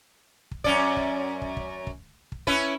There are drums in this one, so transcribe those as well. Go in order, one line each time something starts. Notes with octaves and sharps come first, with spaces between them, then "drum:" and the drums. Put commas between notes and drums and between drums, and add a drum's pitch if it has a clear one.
drum: kick
F#2 C#4 D5, drum: kick
drum: kick
drum: kick
drum: kick
drum: kick
drum: kick
C#4 E4 B4, drum: kick